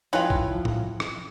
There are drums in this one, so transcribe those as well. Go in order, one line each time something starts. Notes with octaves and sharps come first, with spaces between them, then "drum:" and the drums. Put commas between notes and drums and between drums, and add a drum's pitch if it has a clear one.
F3 F#3 G#3 C#4 E4 F4 B4 G5
drum: kick B1
drum: tom A2
drum: rim click